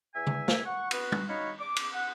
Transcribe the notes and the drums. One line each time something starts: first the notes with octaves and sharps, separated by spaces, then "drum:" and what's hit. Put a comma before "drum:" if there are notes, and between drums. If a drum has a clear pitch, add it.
E2 E5 G#5
drum: tom C#3
drum: snare
F#5 C#6
B3 F#4 B4, drum: cymbal
drum: tom
D#4 F#4 C#5 F5 B5
D6
drum: cymbal
F#5